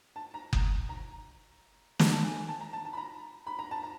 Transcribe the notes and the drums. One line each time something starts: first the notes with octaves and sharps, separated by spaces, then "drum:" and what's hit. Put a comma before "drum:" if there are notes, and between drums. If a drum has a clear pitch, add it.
A5
A#5
drum: kick F#1
A#5
A5, drum: snare
A5
G#5
A5
A#5
A5
A5
B5
A#5
B5
A#5
A5
A#5